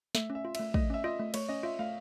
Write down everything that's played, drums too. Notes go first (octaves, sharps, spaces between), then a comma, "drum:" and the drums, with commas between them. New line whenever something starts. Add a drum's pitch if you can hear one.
A3 E5, drum: snare
C#4
E5
F4
A3 E5, drum: cymbal
A3 D#5, drum: kick
C#4 E5
F4 D#5
A3
A3 C#5, drum: cymbal
C#4 D#5
F4 E5
A3 F5